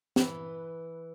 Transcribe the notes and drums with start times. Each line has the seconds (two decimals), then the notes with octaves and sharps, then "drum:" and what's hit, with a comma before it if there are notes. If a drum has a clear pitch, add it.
0.16 E3 B4, drum: snare